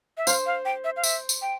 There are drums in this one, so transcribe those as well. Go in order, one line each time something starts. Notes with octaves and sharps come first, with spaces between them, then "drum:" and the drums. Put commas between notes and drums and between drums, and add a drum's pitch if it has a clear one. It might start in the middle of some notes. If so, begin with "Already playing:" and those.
E5
C5 F5, drum: tambourine
F5
G5
E5
F5
E5, drum: tambourine
drum: tambourine
G5